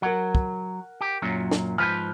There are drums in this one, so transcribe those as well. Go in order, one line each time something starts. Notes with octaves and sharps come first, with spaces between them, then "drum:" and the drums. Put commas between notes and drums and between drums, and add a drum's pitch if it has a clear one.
F#3 A#4 F#5
drum: kick
G4
F#2 A#2 F#3
drum: snare
G#2 F3 B4 F6 G6